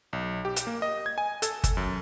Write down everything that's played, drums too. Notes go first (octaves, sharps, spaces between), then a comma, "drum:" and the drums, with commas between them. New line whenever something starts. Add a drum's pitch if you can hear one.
B1
G4
drum: hi-hat
A#3
D#5
G#6
G#5
A4, drum: hi-hat
drum: kick G1, hi-hat
F#2